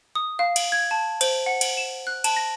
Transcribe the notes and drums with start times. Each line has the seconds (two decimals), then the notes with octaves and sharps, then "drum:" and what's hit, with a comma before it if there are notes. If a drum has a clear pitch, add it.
0.15 D#6
0.39 F5
0.56 drum: cymbal
0.72 G#6
0.91 A5
1.21 C5, drum: cymbal
1.46 F#5
1.61 drum: cymbal
1.77 E7
2.07 F#6
2.24 A5, drum: cymbal
2.36 A#6